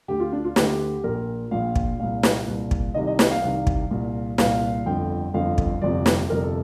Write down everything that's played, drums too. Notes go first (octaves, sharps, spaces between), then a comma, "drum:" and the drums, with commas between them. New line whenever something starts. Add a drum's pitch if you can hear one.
D2 D3 G4
F4
D4
F4
D2 D3 G4, drum: snare
A#1 A#2 A#4
A#1 A#2 F5
drum: kick
C2 A#2 F5
drum: snare
C2 A#2
drum: kick
C2 C3 D#3 D#5
D#5
drum: snare
F5
C2 C3 D#3 F5
drum: kick
C2 A#2
C2 A#2 F5, drum: snare
G1 F2 D3 G5
G1 F2 D3 F5
drum: kick
G1 F2 C3 D5
drum: snare
G1 F2 C3 A#4
A4